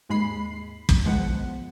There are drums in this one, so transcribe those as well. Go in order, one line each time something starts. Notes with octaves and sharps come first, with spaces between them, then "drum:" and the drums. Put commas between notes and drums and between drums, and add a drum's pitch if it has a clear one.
D#2 G#2 G#3 B5 C7
drum: kick
G1 C2 F3 G#3 B3 F#5